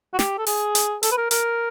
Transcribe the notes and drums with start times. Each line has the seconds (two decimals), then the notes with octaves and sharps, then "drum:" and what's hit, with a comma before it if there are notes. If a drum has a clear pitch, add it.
0.14 F#4
0.19 G4, drum: snare
0.38 A4
0.47 G#4, drum: open hi-hat
0.75 drum: hi-hat
1.03 A4, drum: hi-hat
1.12 B4
1.17 A#4
1.31 A#4, drum: hi-hat